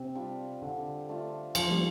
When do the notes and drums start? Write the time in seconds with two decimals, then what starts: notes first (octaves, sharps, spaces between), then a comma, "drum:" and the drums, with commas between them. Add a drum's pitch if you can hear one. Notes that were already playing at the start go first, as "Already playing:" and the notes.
Already playing: C3 C4
0.15 G3 D4 F4
0.62 D3
1.09 A3 D4 F4
1.55 F3, drum: cymbal
1.71 G3